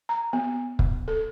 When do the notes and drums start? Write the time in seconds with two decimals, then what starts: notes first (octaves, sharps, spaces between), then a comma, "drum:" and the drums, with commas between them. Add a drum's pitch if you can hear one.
0.09 A#5
0.33 B3
0.79 drum: kick
1.08 A4